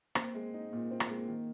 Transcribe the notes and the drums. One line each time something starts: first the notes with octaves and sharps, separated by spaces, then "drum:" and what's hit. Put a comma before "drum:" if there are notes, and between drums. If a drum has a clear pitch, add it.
A#3 C4, drum: rim click
G#3
D#4
A#2 A#3
C4
drum: rim click
G#3
D#3